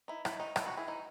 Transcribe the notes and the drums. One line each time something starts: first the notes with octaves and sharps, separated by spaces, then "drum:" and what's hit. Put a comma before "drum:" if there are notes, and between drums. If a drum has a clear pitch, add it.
D#4 E4
D#4 E4, drum: rim click
D#3 D#4
E3 E4, drum: rim click
D#4 F#4
C#4
E4 G#4
E3 D#4